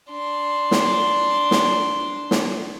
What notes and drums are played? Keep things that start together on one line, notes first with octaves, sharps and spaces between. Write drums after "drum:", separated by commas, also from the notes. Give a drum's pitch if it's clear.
D4 C6
drum: snare
drum: snare
drum: snare